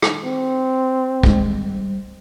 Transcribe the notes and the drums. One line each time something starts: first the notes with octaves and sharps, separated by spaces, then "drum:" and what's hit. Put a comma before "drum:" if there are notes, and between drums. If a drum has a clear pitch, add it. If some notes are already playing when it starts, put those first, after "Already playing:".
drum: rim click
C4
G3 G#3, drum: kick